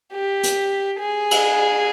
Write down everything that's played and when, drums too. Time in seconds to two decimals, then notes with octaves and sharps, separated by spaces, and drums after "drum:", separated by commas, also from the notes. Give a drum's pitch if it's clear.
0.12 G4
0.43 drum: hi-hat
1.00 G#4
1.31 drum: cymbal